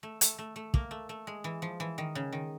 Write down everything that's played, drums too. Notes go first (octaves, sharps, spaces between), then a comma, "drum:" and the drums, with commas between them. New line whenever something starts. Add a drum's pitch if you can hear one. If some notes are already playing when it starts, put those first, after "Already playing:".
A3
A3, drum: hi-hat
A3
A3
A#3, drum: kick
A3
A3
G#3
E3
F3
E3
D#3
C#3
D#3